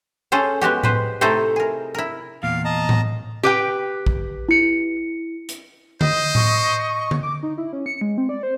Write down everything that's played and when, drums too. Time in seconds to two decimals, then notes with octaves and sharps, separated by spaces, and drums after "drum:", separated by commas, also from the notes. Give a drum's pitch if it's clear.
0.32 C#4 G#4 A4 C5
0.61 G#3 B3 F#4 G4
0.83 B4 C5, drum: tom A2
1.21 C3 A3 D#4 E4 A4 C5
1.56 G#4 A#4
1.95 E4 A#4
2.43 E2 A#2 F5
2.65 D#5 A5 A#5
2.89 drum: tom A2
3.43 G4 B4 G5
4.06 drum: kick
4.49 E4 C#7
5.49 drum: hi-hat
6.01 C5 D#5 D#6, drum: tom D3
6.35 C#6, drum: tom A2
7.11 drum: tom D3
7.23 D6
7.43 D#4
7.58 E4
7.73 C#4
7.86 C#7
8.01 G#3
8.18 C4
8.29 D5
8.43 C5